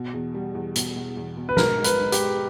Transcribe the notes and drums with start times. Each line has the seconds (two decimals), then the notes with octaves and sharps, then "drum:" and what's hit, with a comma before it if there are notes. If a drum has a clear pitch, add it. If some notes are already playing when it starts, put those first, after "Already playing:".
Already playing: B2
0.13 E2
0.34 G3
0.55 E2
0.76 B2, drum: hi-hat
0.96 B2
1.17 E2
1.37 B2
1.49 B4
1.57 G#2 A#4, drum: snare
1.78 G#2
1.84 B4, drum: hi-hat
1.98 G#2
2.12 G4, drum: hi-hat
2.19 G#3